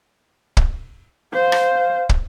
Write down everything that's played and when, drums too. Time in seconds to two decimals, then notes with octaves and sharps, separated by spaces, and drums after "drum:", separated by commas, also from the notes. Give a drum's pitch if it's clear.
0.57 drum: kick
1.33 C5 F5
1.52 drum: rim click
2.09 drum: kick